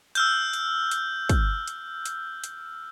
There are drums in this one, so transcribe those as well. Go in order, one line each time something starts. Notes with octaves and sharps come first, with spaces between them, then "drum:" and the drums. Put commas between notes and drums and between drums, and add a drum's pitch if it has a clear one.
E6 F6 G6, drum: hi-hat
drum: hi-hat
drum: hi-hat
drum: kick, hi-hat
drum: hi-hat
drum: hi-hat
drum: hi-hat